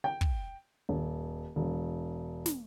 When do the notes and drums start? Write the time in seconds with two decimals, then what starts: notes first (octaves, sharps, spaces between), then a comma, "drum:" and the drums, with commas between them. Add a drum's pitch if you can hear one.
0.04 G5
0.21 drum: kick
0.89 D#1
1.56 E1
2.46 drum: snare